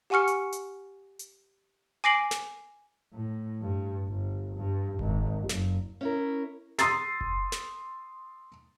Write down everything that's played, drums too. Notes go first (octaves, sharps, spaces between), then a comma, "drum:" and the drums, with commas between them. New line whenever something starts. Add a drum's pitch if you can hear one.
G4 F#5 G#5 C#6 F6 C#7
drum: hi-hat
drum: hi-hat
drum: hi-hat
G#5 D6 A#6 C7 D7 F#7
drum: snare
A2
G2
G1
G2
G#1, drum: kick F#1
F#1, drum: snare
C#4 E4 A#4
C6 D#6 E6 A6 C7, drum: snare
drum: kick F#1
drum: snare